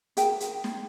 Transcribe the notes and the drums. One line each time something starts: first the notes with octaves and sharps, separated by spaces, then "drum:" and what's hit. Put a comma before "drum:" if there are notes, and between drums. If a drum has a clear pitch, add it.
G#4 A#4 G5, drum: hi-hat
drum: hi-hat
drum: snare